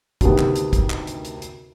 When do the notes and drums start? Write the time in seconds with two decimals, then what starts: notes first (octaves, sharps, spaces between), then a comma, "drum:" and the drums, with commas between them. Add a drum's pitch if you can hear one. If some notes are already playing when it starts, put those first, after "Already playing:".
0.21 D2 C3 D#3 B3, drum: kick, hi-hat
0.38 drum: clap
0.56 drum: hi-hat
0.73 drum: kick, hi-hat
0.90 drum: clap
1.07 drum: hi-hat
1.25 drum: hi-hat
1.42 drum: hi-hat